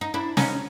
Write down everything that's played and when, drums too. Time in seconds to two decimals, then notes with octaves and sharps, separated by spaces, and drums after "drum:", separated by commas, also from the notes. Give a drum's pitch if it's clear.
0.01 D#4
0.14 D4 E4
0.37 C#4 D#4, drum: snare